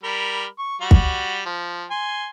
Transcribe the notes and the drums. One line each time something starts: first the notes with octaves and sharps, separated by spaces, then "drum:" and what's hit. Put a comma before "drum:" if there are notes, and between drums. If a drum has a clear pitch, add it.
G3 A#4 B5
C#6
G3 F#4
drum: kick
F3
G#5 C6